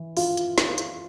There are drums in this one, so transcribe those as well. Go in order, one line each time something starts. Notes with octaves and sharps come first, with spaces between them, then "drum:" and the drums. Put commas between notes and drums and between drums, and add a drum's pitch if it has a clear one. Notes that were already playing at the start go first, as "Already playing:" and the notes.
Already playing: E3
F4, drum: open hi-hat
drum: hi-hat
drum: snare
drum: hi-hat